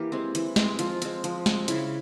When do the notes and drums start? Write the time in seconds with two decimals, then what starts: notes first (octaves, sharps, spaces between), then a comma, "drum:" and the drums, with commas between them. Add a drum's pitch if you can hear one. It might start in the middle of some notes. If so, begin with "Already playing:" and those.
Already playing: E3 A#3 E4 G4 A#4
0.12 G#3 C4
0.35 E3, drum: hi-hat
0.56 G#3 C4, drum: snare
0.79 F3 F4, drum: hi-hat
1.02 G#3 C4, drum: hi-hat
1.24 F3, drum: hi-hat
1.46 G#3 C4, drum: snare
1.68 C#3 E4, drum: hi-hat